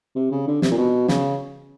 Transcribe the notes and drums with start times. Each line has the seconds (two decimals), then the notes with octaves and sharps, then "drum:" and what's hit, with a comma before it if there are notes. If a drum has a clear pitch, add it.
0.16 C3
0.31 C#3
0.47 D3
0.62 C3, drum: snare
0.71 A#2
0.78 B2
1.08 C#3, drum: snare